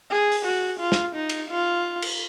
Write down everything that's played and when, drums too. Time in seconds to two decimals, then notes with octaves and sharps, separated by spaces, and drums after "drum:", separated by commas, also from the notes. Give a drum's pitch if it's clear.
0.11 G#4
0.32 drum: open hi-hat
0.45 F#4
0.80 F4
0.92 drum: snare
1.15 D#4
1.29 drum: cymbal
1.50 F4
2.02 drum: cymbal